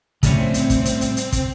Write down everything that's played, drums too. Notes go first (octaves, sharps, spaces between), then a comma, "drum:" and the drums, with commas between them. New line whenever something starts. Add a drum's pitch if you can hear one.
A2 C#3 F3 G3 C4 C#4, drum: kick, hi-hat
drum: hi-hat
drum: kick, hi-hat
drum: hi-hat
drum: hi-hat
drum: hi-hat
drum: kick, hi-hat